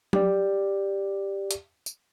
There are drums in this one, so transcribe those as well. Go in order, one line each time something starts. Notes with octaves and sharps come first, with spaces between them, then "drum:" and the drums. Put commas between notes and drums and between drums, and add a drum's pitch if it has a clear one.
G4 D5, drum: tom F#3
drum: hi-hat
drum: tambourine